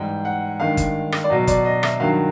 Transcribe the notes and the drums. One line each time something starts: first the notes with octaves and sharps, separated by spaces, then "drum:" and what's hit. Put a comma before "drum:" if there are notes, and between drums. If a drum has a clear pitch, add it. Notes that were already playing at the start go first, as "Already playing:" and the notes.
Already playing: G#2 E3 G3 G5
F#5
G2 D#3 G#3 F5
drum: kick G1, hi-hat
drum: rim click
D5
B2 F#3 D#5
D5, drum: kick G1, hi-hat
D#5
E5, drum: rim click
G2 D#3 F#3 F5